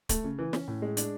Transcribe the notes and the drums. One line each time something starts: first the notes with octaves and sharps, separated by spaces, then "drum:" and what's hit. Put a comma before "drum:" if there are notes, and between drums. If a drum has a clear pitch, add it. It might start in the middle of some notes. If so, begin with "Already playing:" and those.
A3, drum: kick D1, hi-hat
C#3
E3
C#4, drum: snare
A2
G#3
D4, drum: hi-hat